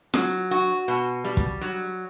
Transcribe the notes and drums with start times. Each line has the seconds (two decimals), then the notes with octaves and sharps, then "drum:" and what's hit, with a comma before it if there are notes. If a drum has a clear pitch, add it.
0.14 F#3, drum: snare F4
0.51 F#4
0.88 B2
1.24 G3
1.37 drum: kick
1.61 F#3